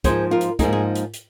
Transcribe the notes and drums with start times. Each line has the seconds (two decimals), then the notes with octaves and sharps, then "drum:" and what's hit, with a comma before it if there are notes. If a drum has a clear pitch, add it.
0.04 G#2 F3 A#3 D#4 G#4 C5, drum: kick, hi-hat
0.31 F4 A#4
0.41 drum: hi-hat
0.59 G#2 F3 A#3 D#4 G#4, drum: kick, hi-hat
0.73 G#4
0.95 drum: hi-hat
1.14 drum: hi-hat